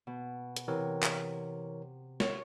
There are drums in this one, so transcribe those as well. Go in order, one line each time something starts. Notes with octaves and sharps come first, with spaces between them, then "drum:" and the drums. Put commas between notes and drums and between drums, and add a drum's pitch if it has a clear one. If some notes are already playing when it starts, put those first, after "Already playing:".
B2
drum: hi-hat
C3 E3 A#4 C#5
drum: clap
C#5, drum: snare